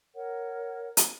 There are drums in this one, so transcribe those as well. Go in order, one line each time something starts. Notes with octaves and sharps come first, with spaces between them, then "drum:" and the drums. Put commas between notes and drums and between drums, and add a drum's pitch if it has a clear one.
A#4 C#5 F#5
drum: hi-hat